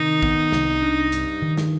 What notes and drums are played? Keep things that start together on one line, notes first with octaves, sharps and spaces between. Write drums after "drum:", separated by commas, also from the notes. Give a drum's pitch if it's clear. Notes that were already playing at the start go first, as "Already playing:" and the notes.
Already playing: C3 D#3 D#4
B3, drum: kick
C2, drum: snare
D4
G2, drum: hi-hat
D#3
drum: snare